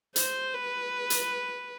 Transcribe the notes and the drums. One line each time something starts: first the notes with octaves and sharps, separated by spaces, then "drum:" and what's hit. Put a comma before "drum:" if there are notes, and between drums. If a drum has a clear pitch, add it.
C5, drum: hi-hat
B4
drum: hi-hat